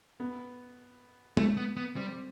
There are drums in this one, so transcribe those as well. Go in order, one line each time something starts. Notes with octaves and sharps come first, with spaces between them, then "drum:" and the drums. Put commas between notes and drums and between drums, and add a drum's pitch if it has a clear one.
B3
A3, drum: tom G#3
B3
B3
G3 C4